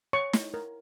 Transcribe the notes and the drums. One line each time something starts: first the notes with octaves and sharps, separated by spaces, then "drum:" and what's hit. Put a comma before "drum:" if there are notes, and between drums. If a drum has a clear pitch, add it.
C#5 C#6
E4, drum: snare
A#4